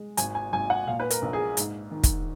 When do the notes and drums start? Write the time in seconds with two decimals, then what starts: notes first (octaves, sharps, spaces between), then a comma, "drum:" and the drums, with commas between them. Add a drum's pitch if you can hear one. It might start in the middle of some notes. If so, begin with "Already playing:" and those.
Already playing: G#3
0.17 G#1 G#5, drum: hi-hat
0.35 G#5
0.53 G#1 G#5
0.70 F#5
0.87 A#2 F5
1.00 B4
1.10 A#4, drum: hi-hat
1.22 A#1
1.33 G#4
1.57 G#2, drum: hi-hat
1.91 D#3
2.04 drum: kick, hi-hat